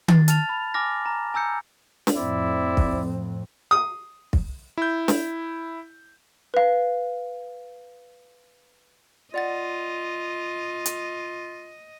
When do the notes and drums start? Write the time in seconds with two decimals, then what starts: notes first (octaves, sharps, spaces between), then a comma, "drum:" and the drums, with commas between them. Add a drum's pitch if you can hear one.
0.08 A6, drum: tom D#3
0.28 A5 F6 A6 F7, drum: hi-hat
0.49 B5
0.74 G#5 D6 F6 A#6
1.06 A#5
1.34 G#5 A#5 E6 G6 C#7
2.07 drum: snare
2.16 F2 A2 C4 E4 D5
2.77 drum: kick
3.71 D#6
4.33 drum: kick
4.78 E4 G6
5.08 drum: snare
6.54 B4 F5
9.34 F4 D5 D#5 F#5 A6
10.86 drum: hi-hat